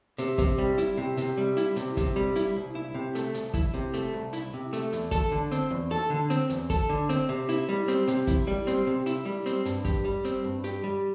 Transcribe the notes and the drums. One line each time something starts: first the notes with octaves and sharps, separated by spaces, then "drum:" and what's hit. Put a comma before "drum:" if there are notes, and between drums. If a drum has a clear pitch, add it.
C3, drum: hi-hat
C3, drum: kick, hi-hat
G3
E4, drum: hi-hat
C3
C3, drum: hi-hat
G3
E4, drum: hi-hat
C3, drum: hi-hat
C3, drum: kick, hi-hat
G3
E4, drum: hi-hat
C2
E4
C3
A3, drum: hi-hat
C2, drum: hi-hat
E4, drum: kick, hi-hat
C3
A3, drum: hi-hat
C2
E4, drum: hi-hat
C3
A3, drum: hi-hat
E2, drum: hi-hat
A4, drum: kick, hi-hat
D3
C4, drum: hi-hat
E2
A4
D3
C4, drum: hi-hat
E2, drum: hi-hat
A4, drum: kick, hi-hat
D3
C4, drum: hi-hat
C3
E4, drum: hi-hat
G3
C4, drum: hi-hat
C3, drum: hi-hat
E4, drum: kick, hi-hat
G3
C4, drum: hi-hat
C3
E4, drum: hi-hat
G3
C4, drum: hi-hat
G2, drum: hi-hat
G4, drum: kick, hi-hat
G3
C4, drum: hi-hat
G2
G4, drum: hi-hat
G3